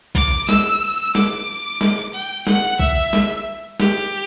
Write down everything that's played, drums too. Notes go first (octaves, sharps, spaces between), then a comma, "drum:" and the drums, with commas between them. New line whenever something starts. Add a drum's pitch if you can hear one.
D6, drum: kick A#1
E6, drum: snare
D6, drum: snare
drum: snare
G5
F#5, drum: snare
E5, drum: kick A#1
drum: snare
G4, drum: snare